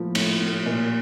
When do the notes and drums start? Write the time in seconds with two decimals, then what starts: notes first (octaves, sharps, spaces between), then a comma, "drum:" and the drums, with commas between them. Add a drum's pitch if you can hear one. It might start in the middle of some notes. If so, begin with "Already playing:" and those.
Already playing: A2 F3 A#3
0.15 A2, drum: cymbal
0.41 A2
0.66 A#2